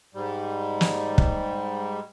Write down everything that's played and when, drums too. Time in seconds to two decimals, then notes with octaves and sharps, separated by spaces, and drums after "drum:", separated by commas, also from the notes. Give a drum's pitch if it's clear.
0.14 G#2 G3
0.81 drum: snare
1.18 drum: kick